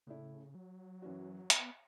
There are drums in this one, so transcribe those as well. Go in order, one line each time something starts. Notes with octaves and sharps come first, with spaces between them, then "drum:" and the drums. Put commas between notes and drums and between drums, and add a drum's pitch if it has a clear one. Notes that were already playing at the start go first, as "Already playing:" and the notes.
A2 C#3 A3 E4
F#3
F#2 E3 C#4 F#4
B3, drum: hi-hat